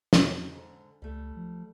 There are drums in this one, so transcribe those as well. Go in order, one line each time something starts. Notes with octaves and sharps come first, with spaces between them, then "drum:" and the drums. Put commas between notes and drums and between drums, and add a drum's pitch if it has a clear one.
drum: snare
C#3 D#4
G#2 D3
C#2 G3 A3
F3